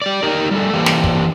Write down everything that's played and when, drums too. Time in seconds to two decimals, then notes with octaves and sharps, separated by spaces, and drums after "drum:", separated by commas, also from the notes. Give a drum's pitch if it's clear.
0.02 G4 D5
0.23 D#4 G4 A#4
0.51 G3 A3 A4
0.73 E3 A#3 C4 D4 G4 A#5
0.86 drum: snare
1.04 drum: kick